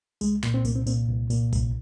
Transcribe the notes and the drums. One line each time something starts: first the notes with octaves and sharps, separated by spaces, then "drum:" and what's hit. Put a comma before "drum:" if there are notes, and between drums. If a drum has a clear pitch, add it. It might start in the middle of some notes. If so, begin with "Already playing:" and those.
C2 G#3, drum: tambourine
A#2, drum: clap
C4
C2 A#3, drum: tambourine
C4
A#2 C4, drum: tambourine
C2
A#2, drum: tambourine
C2, drum: kick A#1, tambourine